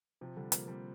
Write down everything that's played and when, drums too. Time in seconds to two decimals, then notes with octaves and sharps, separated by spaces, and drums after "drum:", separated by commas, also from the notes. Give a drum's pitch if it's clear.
0.21 C3 F3
0.37 D3 G3
0.52 F3 A#3, drum: hi-hat
0.67 G3 C4